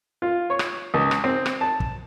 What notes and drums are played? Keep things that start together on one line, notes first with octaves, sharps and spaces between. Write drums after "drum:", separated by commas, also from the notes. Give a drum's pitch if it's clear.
F4
C#5
drum: rim click
C#2
drum: rim click
C4
drum: rim click
A5
drum: kick